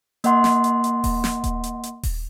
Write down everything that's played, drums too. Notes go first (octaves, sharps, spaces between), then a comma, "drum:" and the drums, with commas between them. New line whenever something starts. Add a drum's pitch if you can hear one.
A#3 D#5 F#5 C6, drum: hi-hat
drum: snare
drum: hi-hat
drum: hi-hat
drum: kick D#1, open hi-hat
drum: snare
drum: kick D#1, hi-hat
drum: hi-hat
drum: hi-hat
drum: kick D#1, open hi-hat